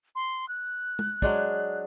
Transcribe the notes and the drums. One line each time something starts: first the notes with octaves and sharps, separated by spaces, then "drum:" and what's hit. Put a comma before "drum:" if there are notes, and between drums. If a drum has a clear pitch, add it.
C6
F#6
drum: tom
F#3 G#3 D4, drum: kick